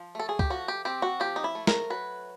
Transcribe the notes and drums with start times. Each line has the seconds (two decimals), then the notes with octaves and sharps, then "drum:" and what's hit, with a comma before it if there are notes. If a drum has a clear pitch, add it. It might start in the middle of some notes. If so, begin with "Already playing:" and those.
Already playing: F3
0.15 A3 A4
0.29 G#4
0.39 G4, drum: kick C#2
0.50 F3 F#4
0.68 G4
0.85 C4 G4
1.02 F#4
1.20 F3 G4
1.36 D#4
1.44 E4
1.55 A3
1.67 A#4, drum: snare
1.90 F#3 B4